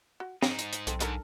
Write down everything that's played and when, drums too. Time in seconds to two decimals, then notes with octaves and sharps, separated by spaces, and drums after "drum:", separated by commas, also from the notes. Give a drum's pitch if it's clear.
0.20 F#4
0.42 G#2 D#4 G5, drum: snare
0.59 drum: hi-hat
0.73 drum: hi-hat
0.87 B1 C4 A4, drum: hi-hat
1.00 G#2 D4 A4 A#4, drum: hi-hat